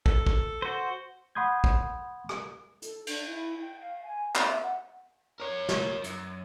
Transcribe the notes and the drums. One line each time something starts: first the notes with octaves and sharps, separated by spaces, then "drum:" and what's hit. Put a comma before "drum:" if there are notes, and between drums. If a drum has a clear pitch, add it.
A4, drum: kick
drum: kick
F#4 C5
F#5 B5 C6 D#6 G6 G#6
drum: kick
drum: rim click
A4, drum: hi-hat
D4, drum: cymbal
E4
G5
F5
G#5
B5, drum: clap
E5
F#5
A#4 C#5
drum: snare
F#2, drum: hi-hat